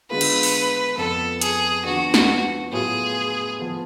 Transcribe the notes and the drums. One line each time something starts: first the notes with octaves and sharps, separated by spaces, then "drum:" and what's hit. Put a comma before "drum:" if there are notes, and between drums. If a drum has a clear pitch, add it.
D3 G#3 B3 F4 G#4 B4
drum: cymbal
drum: open hi-hat
F2 F3 B3 A4
G#4, drum: hi-hat
F3 B3 D4 F#4
F#4, drum: snare
A2 F#3 B3 F4 G#4
F3 B3